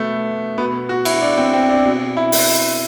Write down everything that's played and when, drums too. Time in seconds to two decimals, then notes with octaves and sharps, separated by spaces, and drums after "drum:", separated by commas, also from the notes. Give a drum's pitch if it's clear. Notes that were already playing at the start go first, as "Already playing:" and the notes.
Already playing: B2 A3 B3
0.58 B2 B3
0.89 F#4
1.05 E4, drum: cymbal
1.21 D4
1.38 C4
1.53 C4
1.70 D4
1.85 B2
2.17 E4
2.32 drum: open hi-hat